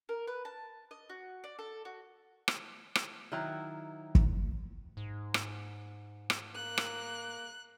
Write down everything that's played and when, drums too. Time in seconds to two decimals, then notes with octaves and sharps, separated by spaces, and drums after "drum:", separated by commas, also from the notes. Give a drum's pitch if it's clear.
0.09 A#4
0.27 B4
0.45 A5
0.91 D#5
1.10 F#4
1.44 D5
1.59 A4
1.85 F#4
2.48 drum: rim click
2.95 drum: rim click
3.32 D#3 F#3 E4 A#5
4.15 drum: kick
4.97 G#2
5.34 drum: rim click
6.30 drum: rim click
6.55 A#3 F#6
6.78 drum: rim click